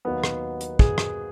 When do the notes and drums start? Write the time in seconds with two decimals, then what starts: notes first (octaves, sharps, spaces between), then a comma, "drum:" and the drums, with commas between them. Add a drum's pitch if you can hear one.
0.05 D#2 D#3 F#3 B3
0.24 drum: rim click
0.61 drum: hi-hat
0.79 G#4, drum: kick
0.98 drum: rim click